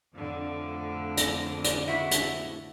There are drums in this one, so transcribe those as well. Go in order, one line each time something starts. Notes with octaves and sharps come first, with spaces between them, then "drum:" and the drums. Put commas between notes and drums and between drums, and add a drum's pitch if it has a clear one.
F2 A2 D3
drum: hi-hat
drum: hi-hat
E4 F#4
drum: hi-hat